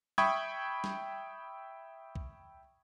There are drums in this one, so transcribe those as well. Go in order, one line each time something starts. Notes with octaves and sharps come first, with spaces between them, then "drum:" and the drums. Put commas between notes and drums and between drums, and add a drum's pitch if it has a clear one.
E5 G5 B5 C#6 D#6 G#6, drum: snare
drum: snare
drum: kick B1